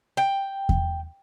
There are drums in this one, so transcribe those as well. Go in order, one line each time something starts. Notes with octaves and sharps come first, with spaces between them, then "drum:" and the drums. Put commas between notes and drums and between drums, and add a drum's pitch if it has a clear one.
G5
drum: kick E2